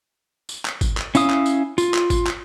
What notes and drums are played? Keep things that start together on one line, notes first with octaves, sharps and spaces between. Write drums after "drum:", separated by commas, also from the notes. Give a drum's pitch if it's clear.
drum: tambourine
drum: clap
drum: kick G#1, tambourine
drum: clap
C#4 E4 F5 D#6, drum: tambourine
drum: clap
drum: tambourine
F4, drum: tambourine
drum: clap
drum: kick G#1, tambourine
drum: clap